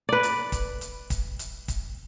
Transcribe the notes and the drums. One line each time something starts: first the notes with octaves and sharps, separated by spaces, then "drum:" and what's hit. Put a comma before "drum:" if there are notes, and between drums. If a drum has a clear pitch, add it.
B4 D5
drum: hi-hat
drum: kick, hi-hat
drum: hi-hat
drum: kick, hi-hat
drum: hi-hat
drum: kick, hi-hat